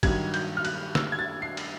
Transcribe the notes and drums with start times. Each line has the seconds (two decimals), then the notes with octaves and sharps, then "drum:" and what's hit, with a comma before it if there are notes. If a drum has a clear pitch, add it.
0.03 G2 D#3 F#3 G#6, drum: kick, cymbal
0.34 G6, drum: cymbal
0.57 F6
0.65 F#6, drum: cymbal
0.95 E6, drum: snare
1.12 G#6
1.19 A6
1.42 C7
1.57 drum: cymbal